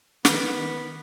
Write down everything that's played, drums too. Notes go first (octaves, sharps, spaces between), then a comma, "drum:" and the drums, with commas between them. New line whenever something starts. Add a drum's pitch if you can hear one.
D#3 B3, drum: snare